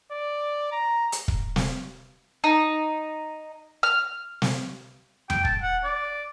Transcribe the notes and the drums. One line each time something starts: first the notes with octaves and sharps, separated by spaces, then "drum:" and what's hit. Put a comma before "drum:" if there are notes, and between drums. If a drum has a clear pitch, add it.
D5
A#5
drum: hi-hat
drum: kick
drum: snare
D#4
F6
drum: snare
G5, drum: tom E2
A5, drum: kick
F#5
D5